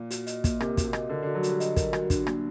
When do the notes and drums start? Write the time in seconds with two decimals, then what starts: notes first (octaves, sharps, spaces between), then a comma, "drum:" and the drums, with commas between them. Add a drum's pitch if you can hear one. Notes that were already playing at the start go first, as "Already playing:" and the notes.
Already playing: A#2
0.11 F#4, drum: hi-hat
0.27 D#5, drum: hi-hat
0.44 A#3, drum: kick, hi-hat
0.60 C3 A#4, drum: rim click
0.77 F#4, drum: kick, hi-hat
0.85 C3
0.93 D#5, drum: rim click
1.10 D3 A#4
1.23 D3 F#4
1.35 F#3
1.43 G3 F#4, drum: hi-hat
1.60 D#5, drum: hi-hat
1.76 A#4, drum: kick, hi-hat
1.93 F#4, drum: rim click
2.10 D4, drum: kick, hi-hat
2.27 A#3, drum: rim click